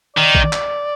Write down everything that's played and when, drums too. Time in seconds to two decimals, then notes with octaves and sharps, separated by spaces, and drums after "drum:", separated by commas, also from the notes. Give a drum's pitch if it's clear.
0.16 D#3 D5
0.35 drum: kick
0.53 drum: clap